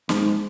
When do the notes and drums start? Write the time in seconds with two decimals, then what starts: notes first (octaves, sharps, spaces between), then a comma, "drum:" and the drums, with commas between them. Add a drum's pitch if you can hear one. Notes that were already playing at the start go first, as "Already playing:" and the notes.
0.09 G#2, drum: snare